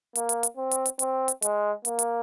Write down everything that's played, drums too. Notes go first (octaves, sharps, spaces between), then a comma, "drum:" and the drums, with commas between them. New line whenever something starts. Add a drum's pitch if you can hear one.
A#3, drum: hi-hat
drum: hi-hat
drum: hi-hat
C4
drum: hi-hat
drum: hi-hat
C4, drum: hi-hat
drum: hi-hat
G#3, drum: hi-hat
A#3, drum: hi-hat
drum: hi-hat